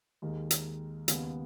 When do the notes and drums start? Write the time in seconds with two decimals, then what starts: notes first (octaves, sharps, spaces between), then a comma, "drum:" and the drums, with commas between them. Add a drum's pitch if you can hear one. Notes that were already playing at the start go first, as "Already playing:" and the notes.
0.22 D#2 D#3 G#3
0.51 drum: hi-hat
1.08 D#2 C#3 G#3 B3, drum: hi-hat